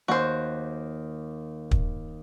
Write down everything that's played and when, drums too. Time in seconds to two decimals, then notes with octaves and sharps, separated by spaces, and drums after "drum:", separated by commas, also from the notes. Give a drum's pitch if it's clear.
0.08 D#2 F#4 C5
1.71 drum: kick